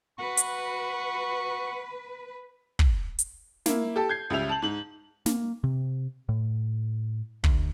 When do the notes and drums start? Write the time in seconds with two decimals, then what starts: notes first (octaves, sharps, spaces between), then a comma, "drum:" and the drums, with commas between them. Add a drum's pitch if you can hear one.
0.20 B4 F#5 C#6
0.37 drum: hi-hat
2.79 drum: kick
3.19 drum: hi-hat
3.66 A#3 E4, drum: snare
3.96 G4 A4 A5
4.09 G6 G#6 C7
4.30 C#2 C#3 G3 E5 F7
4.49 A5 F#7
4.62 G#2 F#7
5.26 A#3, drum: snare
5.64 C3
6.29 A2
7.44 D2, drum: kick